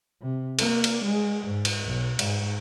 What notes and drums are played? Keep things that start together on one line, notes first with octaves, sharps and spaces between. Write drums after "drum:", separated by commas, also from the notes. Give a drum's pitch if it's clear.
C3
A#3, drum: cymbal
drum: cymbal
G#3
G#2
drum: cymbal
B1
G#2, drum: cymbal